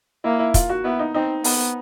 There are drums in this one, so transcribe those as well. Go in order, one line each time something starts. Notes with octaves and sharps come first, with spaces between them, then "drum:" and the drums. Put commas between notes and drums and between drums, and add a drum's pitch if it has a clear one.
A#3 E4
E4
F4, drum: kick, hi-hat
F#4
B3 E4
D#4
C4 D#4
B3, drum: open hi-hat